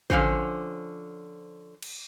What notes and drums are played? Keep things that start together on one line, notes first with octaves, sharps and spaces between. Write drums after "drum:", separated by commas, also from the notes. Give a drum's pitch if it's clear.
D3 F3 C#4 F#4 C5, drum: kick
drum: cymbal